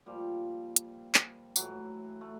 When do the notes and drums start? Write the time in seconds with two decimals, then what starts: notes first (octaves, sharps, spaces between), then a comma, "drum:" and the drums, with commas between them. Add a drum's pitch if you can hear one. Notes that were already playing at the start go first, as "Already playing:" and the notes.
0.06 A#2 F3 G3
0.76 drum: hi-hat
1.15 drum: clap
1.56 A2 E3 F#3, drum: tambourine
2.21 A3